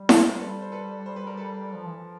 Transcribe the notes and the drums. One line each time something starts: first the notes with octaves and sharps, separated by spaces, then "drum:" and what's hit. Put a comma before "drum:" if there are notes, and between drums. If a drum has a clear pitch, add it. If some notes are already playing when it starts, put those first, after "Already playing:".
Already playing: G3
drum: snare E4
C5
G3 A4 B4
C5
A4 B4
C5
B4
A#4
A4 B4
F3
E3
F3